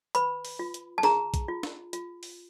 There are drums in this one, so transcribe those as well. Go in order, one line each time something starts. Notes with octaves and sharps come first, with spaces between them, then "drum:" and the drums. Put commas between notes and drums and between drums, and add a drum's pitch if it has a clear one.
B4 B5, drum: hi-hat
drum: open hi-hat
F4
drum: hi-hat
A5
G#4 A#5, drum: snare
drum: kick B1, hi-hat
F4
drum: snare
F4, drum: hi-hat
drum: open hi-hat